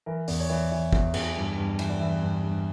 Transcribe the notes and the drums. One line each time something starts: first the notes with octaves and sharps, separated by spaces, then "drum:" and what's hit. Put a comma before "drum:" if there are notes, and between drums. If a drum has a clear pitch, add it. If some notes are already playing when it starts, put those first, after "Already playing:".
E3 A#4
E2 D5, drum: open hi-hat
C#5
E3 D5
E3
E2, drum: kick
E2, drum: cymbal
G2
G2
E3, drum: cymbal
D5
E3 E5
G2
G2